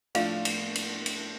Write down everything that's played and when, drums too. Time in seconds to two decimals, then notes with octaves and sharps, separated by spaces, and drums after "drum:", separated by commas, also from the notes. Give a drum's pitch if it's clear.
0.15 A2 F3 A3 D4 F4 F5, drum: cymbal
0.45 drum: cymbal
0.75 drum: cymbal
1.06 drum: cymbal